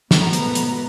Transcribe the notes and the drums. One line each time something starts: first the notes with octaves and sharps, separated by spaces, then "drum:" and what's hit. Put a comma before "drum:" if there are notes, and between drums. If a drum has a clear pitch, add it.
G#2 B2 A3 B3 A#5, drum: snare
drum: hi-hat
drum: hi-hat